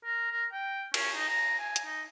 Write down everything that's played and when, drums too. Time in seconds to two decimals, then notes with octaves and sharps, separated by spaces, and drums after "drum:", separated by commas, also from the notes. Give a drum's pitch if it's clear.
0.04 A#4
0.31 A#4
0.53 G5
0.94 C#4, drum: cymbal
1.16 D#4
1.29 A#5
1.59 G#5
1.76 drum: hi-hat
1.85 D#4